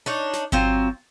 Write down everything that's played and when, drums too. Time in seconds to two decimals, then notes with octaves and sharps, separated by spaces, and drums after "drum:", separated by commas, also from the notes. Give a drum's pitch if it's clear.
0.06 D4 D#4 C#5
0.33 drum: snare
0.52 F#3 C4 F4, drum: kick G1